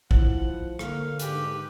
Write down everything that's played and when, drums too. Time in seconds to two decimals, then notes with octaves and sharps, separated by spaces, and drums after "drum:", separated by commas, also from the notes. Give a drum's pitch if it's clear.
0.11 F3 E4 F#5, drum: kick
0.79 D3 A#3 F5, drum: rim click
1.19 G#2 G4 B4, drum: hi-hat